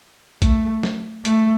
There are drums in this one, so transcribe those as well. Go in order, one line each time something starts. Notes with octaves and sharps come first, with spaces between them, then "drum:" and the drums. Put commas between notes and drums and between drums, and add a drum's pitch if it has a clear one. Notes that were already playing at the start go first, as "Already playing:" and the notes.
A3, drum: kick A1, hi-hat
drum: snare
A3, drum: hi-hat